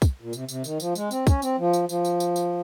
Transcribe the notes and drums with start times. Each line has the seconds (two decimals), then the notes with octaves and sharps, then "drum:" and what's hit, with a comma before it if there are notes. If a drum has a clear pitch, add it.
0.02 drum: kick, tambourine
0.21 A#2
0.33 C3, drum: tambourine
0.49 C3, drum: tambourine
0.64 D#3, drum: tambourine
0.80 F3, drum: tambourine
0.95 G#3, drum: tambourine
1.11 C4, drum: tambourine
1.27 C#4, drum: kick, tambourine
1.42 C4, drum: tambourine
1.58 F3
1.73 drum: tambourine
1.89 F3, drum: tambourine
2.05 drum: tambourine
2.20 drum: tambourine
2.36 drum: tambourine